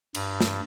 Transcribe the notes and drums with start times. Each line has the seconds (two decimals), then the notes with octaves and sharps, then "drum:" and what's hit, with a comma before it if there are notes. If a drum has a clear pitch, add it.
0.15 G2, drum: cymbal
0.41 drum: snare